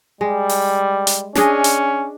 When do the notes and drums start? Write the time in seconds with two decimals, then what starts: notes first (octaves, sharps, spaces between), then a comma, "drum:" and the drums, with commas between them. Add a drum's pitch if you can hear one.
0.21 G3 G#3
0.49 drum: open hi-hat
1.07 drum: hi-hat
1.35 C#4 D4 G#4 D#5, drum: snare
1.64 drum: hi-hat